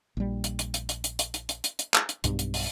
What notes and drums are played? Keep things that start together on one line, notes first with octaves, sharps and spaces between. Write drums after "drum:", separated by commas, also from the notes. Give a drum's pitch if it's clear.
A#1 G3
drum: hi-hat
drum: hi-hat
drum: hi-hat
drum: hi-hat
drum: hi-hat
drum: hi-hat
drum: hi-hat
drum: hi-hat
drum: hi-hat
drum: hi-hat
drum: clap
drum: hi-hat
B1 G2, drum: hi-hat
drum: hi-hat
drum: open hi-hat